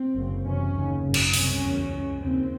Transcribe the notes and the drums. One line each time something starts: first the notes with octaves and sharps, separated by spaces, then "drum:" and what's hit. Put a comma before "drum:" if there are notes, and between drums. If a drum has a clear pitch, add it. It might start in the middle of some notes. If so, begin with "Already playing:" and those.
Already playing: C4
F#1 F#2 C#3
F#1 E2 C3 C#4
D#2 C#3
G#1 F#2 C#3
drum: cymbal
C2 C3 C#4, drum: open hi-hat
F#1 E2 C#3
C#2 C#3
D#2 C#3 C4